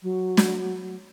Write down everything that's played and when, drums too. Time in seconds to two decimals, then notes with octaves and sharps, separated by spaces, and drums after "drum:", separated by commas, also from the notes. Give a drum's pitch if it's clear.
0.03 F#3
0.37 drum: snare